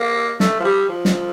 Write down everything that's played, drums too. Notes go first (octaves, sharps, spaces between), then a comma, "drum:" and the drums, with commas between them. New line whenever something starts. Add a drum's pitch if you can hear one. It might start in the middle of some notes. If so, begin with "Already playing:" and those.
Already playing: A#3
A3, drum: snare
F3
G3
F3
drum: snare